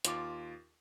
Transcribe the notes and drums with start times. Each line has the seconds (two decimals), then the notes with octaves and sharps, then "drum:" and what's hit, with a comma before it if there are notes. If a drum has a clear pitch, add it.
0.05 D#2 F4 D6, drum: hi-hat